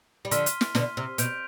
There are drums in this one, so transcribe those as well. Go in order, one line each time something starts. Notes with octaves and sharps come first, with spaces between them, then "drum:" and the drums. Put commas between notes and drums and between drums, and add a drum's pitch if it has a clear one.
G3
D3 F3 C6 F6 B6 D#7 G7, drum: hi-hat
drum: hi-hat
drum: snare
B2 D3, drum: snare
C3
B2 G6 D7 F7, drum: hi-hat